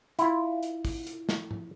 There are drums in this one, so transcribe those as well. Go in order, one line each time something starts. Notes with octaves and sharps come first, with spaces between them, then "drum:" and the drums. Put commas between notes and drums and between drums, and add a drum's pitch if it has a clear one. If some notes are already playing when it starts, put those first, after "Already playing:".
E4 F4, drum: hi-hat
drum: hi-hat
drum: kick, open hi-hat
drum: hi-hat
drum: snare
drum: tom G#2